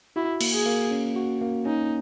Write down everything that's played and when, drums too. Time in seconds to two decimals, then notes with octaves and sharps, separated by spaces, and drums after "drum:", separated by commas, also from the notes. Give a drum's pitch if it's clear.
0.16 E4 F#4
0.41 A#3, drum: cymbal
0.54 G#4
0.66 A#3
0.91 C#4
1.16 F#4
1.41 A#3
1.65 C#4 D#4